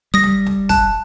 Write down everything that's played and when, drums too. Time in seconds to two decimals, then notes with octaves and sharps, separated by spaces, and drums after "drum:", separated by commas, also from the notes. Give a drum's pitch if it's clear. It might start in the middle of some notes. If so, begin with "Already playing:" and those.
0.14 G3 D#6 A#6
0.23 drum: snare
0.46 drum: snare
0.69 A5 F#6, drum: kick, hi-hat